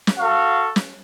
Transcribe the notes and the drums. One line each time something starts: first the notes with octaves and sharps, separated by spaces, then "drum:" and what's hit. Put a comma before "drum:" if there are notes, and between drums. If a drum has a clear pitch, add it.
drum: snare
F#4 A4 F5 C#6
drum: snare